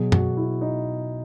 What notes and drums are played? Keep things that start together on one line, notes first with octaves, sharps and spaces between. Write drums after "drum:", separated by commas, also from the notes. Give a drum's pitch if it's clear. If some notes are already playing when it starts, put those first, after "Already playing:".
Already playing: B2 F#3 G#4
F#4, drum: tom F#2
E4
D#4